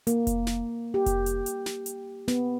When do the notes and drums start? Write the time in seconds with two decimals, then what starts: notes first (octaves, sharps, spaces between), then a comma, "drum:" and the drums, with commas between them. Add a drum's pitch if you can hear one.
0.07 A#3, drum: hi-hat
0.27 drum: kick F1, hi-hat
0.47 drum: snare
0.94 G4
1.06 drum: kick F1, hi-hat
1.26 drum: hi-hat
1.46 drum: hi-hat
1.66 drum: snare
1.86 drum: hi-hat
2.28 B3, drum: snare